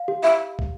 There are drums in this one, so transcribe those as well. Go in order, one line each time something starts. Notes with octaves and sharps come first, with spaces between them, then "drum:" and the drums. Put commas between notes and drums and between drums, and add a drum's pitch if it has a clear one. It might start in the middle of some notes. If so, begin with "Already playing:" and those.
Already playing: F5
G4
E5
drum: kick